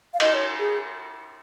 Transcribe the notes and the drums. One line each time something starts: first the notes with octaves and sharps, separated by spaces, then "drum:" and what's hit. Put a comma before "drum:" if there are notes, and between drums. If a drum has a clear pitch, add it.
F5
D#5, drum: cymbal
C#5
G#4